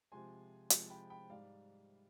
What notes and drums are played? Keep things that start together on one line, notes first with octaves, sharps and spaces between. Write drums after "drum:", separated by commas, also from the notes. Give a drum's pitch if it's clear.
C3 F3 G#3 G#5 C6
C3 F3 G#3, drum: hi-hat
G5 B5
G5 B5
G#2 G3 D5 F5